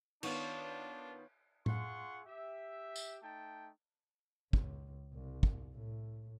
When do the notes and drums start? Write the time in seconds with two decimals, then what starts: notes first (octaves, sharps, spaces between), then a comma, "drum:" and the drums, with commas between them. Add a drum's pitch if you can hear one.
0.23 D#3 B3 D4 F4 C#5, drum: cymbal
1.66 F4 G#4 F#5 C6 C#6, drum: tom A2
2.26 G4 E5
2.96 drum: tambourine
3.23 A3 D#4 G5 A5
4.53 C#2, drum: kick
5.13 C2
5.43 drum: kick
5.74 A2